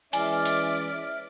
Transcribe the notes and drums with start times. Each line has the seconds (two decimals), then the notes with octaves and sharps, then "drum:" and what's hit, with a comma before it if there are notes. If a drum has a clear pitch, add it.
0.13 E3 G#3 C#4 D5 E5 G#5 F6, drum: cymbal
0.45 drum: hi-hat